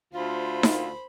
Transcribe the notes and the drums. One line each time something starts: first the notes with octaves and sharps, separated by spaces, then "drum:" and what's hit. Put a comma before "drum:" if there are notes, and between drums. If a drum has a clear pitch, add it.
D2 F4 C5 B5
drum: snare D#4